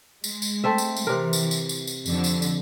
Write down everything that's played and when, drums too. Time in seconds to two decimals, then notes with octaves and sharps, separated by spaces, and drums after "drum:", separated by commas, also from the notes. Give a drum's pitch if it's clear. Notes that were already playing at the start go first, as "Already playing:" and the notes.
0.24 G#3, drum: tambourine
0.42 drum: tambourine
0.64 A3 C4 E5
0.78 drum: tambourine
0.96 drum: tambourine
1.07 C3 E3 A#4
1.33 drum: tambourine
1.51 drum: tambourine
1.69 drum: tambourine
1.87 drum: tambourine
2.06 F2 D3, drum: tambourine
2.24 drum: tambourine
2.42 drum: tambourine